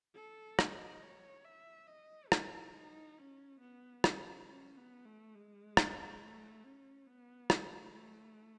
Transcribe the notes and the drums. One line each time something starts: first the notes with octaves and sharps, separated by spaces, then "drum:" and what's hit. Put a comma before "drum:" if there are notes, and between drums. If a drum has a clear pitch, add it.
A4
D#5, drum: rim click
C#5
E5
D#5
E4, drum: rim click
D#4
C#4
B3
C#4, drum: rim click
C#4
B3
A3
G#3
drum: rim click
A3
C#4
B3
A3, drum: rim click
A3